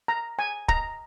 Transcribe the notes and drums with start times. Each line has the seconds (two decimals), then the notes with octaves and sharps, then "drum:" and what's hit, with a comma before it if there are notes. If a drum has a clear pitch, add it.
0.08 A#5
0.39 G#5
0.68 A#5, drum: kick